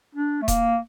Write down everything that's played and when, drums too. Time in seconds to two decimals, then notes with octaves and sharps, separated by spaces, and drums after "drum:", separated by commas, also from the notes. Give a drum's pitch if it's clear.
0.15 D4
0.42 A3
0.48 A#3, drum: kick D#1, hi-hat